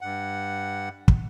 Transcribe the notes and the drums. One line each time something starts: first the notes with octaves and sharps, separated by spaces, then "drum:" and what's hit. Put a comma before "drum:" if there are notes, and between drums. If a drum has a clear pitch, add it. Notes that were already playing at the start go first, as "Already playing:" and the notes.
G2 F#5
drum: kick